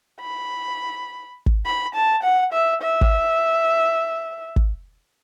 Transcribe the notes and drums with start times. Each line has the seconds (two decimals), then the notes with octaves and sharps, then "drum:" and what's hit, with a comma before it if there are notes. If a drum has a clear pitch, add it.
0.21 B5
1.46 drum: kick
1.66 B5
1.95 A5
2.23 F#5
2.53 E5
2.82 E5
3.01 drum: kick
4.56 drum: kick